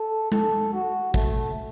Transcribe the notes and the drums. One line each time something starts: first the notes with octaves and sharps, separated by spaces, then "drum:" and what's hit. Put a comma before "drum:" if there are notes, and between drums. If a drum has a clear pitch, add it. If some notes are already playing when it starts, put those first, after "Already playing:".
Already playing: A4
A4, drum: tom G#3
F#4
A3, drum: kick